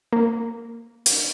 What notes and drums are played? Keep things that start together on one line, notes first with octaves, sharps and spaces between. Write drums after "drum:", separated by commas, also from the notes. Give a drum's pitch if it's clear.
A#3
drum: hi-hat